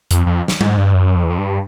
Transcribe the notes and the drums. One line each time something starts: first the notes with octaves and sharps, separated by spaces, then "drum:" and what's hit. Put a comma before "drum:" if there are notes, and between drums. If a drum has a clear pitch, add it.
F2, drum: hi-hat
F2
drum: snare
G#2, drum: tom G3
G2
F#2
F2
E2
F2
G2